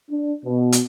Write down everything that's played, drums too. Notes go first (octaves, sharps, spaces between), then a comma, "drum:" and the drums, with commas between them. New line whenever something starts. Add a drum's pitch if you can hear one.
D4
B2
drum: hi-hat